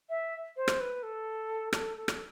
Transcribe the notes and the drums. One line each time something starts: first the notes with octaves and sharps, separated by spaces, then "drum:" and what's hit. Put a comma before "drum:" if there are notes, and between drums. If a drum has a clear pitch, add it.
E5
C5
drum: rim click
B4
A4
A4, drum: rim click
A4
drum: rim click